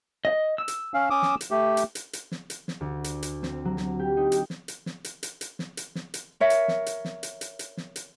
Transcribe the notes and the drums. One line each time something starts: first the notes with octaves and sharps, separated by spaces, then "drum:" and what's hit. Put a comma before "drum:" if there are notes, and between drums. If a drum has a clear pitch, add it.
D#5
E6
drum: hi-hat
C#4 F5
C#4 D6 D#6
drum: snare
drum: hi-hat
A3 G4
drum: hi-hat
drum: hi-hat
drum: hi-hat
drum: snare
drum: hi-hat
drum: snare
D2
drum: hi-hat
drum: hi-hat
C4, drum: snare
F#3
drum: snare
G4
D#4
G4, drum: hi-hat
drum: snare
drum: hi-hat
drum: snare
drum: hi-hat
drum: hi-hat
drum: hi-hat
drum: snare
drum: hi-hat
drum: snare
drum: hi-hat
A#4 C#5 E5
drum: hi-hat
drum: snare
drum: hi-hat
drum: snare
drum: hi-hat
drum: hi-hat
drum: hi-hat
drum: snare
drum: hi-hat